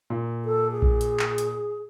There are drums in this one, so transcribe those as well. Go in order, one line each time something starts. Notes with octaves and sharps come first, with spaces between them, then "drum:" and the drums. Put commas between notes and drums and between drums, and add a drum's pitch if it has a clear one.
A#2
A4
G#4
drum: kick A#1
drum: hi-hat
drum: clap
drum: hi-hat